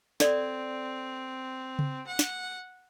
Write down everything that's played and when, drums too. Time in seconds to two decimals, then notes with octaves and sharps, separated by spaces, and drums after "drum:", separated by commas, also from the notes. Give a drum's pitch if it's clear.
0.20 C4 A4 D5, drum: snare
1.79 drum: tom C#3
2.07 F#5
2.19 drum: snare